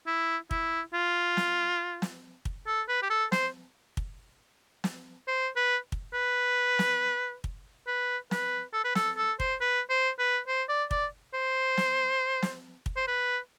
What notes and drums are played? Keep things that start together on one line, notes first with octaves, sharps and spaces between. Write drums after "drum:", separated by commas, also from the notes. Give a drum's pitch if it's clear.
E4
E4, drum: kick
F4
drum: snare
drum: snare
drum: kick
A4
B4
G4
A4
C5, drum: snare
drum: kick
drum: snare
C5
B4
drum: kick
B4
drum: snare
drum: kick
B4
B4, drum: snare
A4
B4
A4, drum: snare
A4
C5, drum: kick
B4
C5
B4
C5
D5
D5, drum: kick
C5
drum: snare
drum: snare
drum: kick
C5
B4